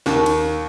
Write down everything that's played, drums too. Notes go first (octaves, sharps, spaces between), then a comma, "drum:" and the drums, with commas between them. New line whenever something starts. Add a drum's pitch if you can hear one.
D#2, drum: snare
drum: cymbal